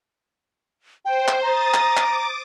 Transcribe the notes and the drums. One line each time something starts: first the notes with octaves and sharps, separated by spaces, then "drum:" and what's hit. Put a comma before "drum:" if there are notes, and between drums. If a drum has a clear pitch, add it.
C5 G5
drum: clap
A#5 D#6 A6
drum: clap
D6
drum: clap